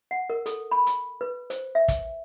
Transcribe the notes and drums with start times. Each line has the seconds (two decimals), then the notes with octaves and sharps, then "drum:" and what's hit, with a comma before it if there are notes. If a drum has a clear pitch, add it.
0.11 F#5
0.30 A#4
0.46 A4, drum: hi-hat
0.71 B5
0.87 drum: hi-hat
1.21 B4
1.50 C5, drum: hi-hat
1.75 E5
1.88 drum: kick, hi-hat